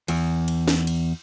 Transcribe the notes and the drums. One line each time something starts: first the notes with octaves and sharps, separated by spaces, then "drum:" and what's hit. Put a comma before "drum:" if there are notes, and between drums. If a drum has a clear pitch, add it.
E2, drum: cymbal
drum: cymbal
drum: snare
drum: cymbal